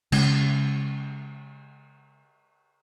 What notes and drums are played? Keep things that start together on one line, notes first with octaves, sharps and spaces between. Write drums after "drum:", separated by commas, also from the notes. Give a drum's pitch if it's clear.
C#3 G#3 C#4, drum: cymbal